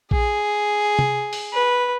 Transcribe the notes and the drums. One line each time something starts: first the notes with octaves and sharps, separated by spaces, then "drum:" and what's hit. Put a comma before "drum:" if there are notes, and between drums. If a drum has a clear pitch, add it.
G#4, drum: kick A#1
drum: tom C3
drum: open hi-hat
B4